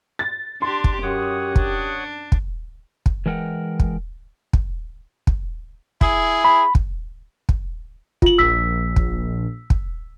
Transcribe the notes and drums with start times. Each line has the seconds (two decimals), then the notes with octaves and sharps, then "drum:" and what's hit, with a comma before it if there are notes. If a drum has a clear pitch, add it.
0.19 A6
0.62 D4 G4 C6
0.84 drum: kick
1.02 F#2 G4 C#5 F#5 D#6
1.56 D4, drum: kick
2.32 drum: kick
3.06 drum: kick
3.26 E3 G#3 A#4 F#5 G5
3.80 drum: kick
4.53 drum: kick
5.27 drum: kick
6.01 E4 G#4, drum: kick
6.45 B5
6.75 drum: kick
7.49 drum: kick
8.22 F4 F#7, drum: kick
8.38 A#1 E6 B6
8.96 drum: kick
9.70 drum: kick